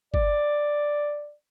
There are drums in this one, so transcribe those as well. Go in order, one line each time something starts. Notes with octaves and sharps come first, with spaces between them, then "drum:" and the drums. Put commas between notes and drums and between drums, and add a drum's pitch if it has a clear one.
D5, drum: kick G1